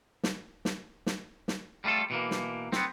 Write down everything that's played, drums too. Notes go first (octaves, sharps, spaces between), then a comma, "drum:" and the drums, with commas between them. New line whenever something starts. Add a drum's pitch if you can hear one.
drum: snare
drum: snare
drum: snare
drum: snare
G3 A3 B3 F4 A4
B2 E3 A#3
drum: snare
B3 C4, drum: snare